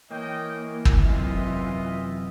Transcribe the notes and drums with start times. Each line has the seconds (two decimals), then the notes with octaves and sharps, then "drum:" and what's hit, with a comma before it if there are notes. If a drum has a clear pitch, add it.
0.11 E3 A#3 C#5 D#5 G5
0.85 drum: kick
1.02 F#2 A2 C3 F4 D#5 E5